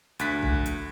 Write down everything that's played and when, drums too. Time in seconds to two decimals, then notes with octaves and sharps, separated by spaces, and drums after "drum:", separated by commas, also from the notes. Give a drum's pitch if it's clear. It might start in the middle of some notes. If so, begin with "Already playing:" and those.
0.19 D2 F#6 B6, drum: hi-hat
0.43 drum: kick B1
0.66 drum: hi-hat